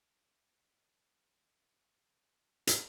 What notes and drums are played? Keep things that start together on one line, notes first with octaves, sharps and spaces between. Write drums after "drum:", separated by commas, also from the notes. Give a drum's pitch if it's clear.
G2 C#3 A#5
A#2 D#3 E3 E4 F#4 A#5
D3 G5
F#3 F#4 C#5
A#2 F#3 A3 A#3 C#4 E5 B5
drum: hi-hat